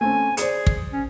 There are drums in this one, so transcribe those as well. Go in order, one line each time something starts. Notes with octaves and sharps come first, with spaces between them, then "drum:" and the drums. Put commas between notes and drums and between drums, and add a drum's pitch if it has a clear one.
A3 C4 C#4 G#5
G#4 C5 D5 C#7, drum: hi-hat
drum: kick
C#4